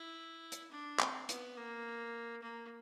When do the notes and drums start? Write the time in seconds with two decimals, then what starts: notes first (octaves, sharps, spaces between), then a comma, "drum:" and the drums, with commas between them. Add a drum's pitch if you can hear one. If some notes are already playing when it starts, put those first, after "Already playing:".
Already playing: E4
0.52 drum: hi-hat
0.71 D4
1.00 C4, drum: clap
1.29 B3, drum: hi-hat
1.57 A#3
2.42 A#3